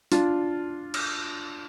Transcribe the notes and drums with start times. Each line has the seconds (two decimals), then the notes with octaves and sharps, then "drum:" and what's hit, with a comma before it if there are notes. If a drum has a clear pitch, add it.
0.12 D4 F4, drum: hi-hat
0.94 drum: cymbal